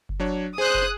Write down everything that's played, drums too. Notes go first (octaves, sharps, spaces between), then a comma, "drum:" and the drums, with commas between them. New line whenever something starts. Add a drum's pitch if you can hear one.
drum: kick F#1
F#3 D4 C#5
G#4 C5 D#6 F#6
drum: kick F#1